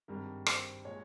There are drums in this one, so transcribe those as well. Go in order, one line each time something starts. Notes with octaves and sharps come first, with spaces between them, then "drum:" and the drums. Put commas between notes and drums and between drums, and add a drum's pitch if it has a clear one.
G#1 G2 G3 A#4
C5, drum: rim click
A#2 G#3 C#5